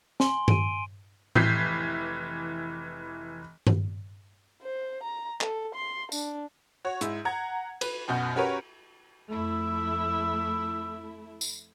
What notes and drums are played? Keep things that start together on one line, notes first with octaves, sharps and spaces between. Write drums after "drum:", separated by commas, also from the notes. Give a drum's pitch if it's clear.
G#5 C6 G7, drum: snare
D7 D#7, drum: tom G2
F1 E3 G6 B6 C7, drum: tom A2
drum: tom G2
C5
A#5
A4, drum: clap
C6
D4, drum: tambourine
F#4 C#5
G#2 E4, drum: hi-hat
F#5 A#5 G#6
B4, drum: cymbal
F#2 B2 F#4 G6
C#4 F#4 G4 A#4 B4 C#5
F2 A3 E4 E6
drum: tambourine